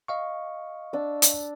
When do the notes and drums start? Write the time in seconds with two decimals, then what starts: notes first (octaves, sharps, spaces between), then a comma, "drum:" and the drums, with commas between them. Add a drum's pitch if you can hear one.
0.08 D#5 F5 C#6
0.93 D4 E6
1.22 drum: hi-hat